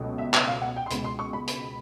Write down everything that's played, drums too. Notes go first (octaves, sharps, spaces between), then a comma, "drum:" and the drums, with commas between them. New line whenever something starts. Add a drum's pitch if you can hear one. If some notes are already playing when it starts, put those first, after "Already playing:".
Already playing: C#2 B2 F#3 A3
E5
E5, drum: clap
F5
F#5
G5
C6
C#2 B2 G#3 B5, drum: hi-hat
C6
C#6
B5
B5, drum: hi-hat